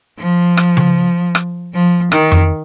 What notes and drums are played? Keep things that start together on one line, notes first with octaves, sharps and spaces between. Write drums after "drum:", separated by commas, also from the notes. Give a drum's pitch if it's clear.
F3
drum: rim click
drum: tom C#3
drum: rim click
F3
D#3, drum: rim click
drum: tom F2